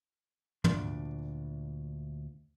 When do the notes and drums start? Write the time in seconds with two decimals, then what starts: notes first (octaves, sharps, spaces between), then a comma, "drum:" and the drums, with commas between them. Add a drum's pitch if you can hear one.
0.64 D2 A#2 D4 C6, drum: tom